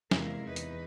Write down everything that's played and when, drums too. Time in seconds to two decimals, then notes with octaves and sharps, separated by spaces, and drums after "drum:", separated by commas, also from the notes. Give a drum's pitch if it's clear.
0.11 E2 C3 G#3 E4 A#4 F5, drum: snare
0.44 E2 D#4 B4
0.56 drum: hi-hat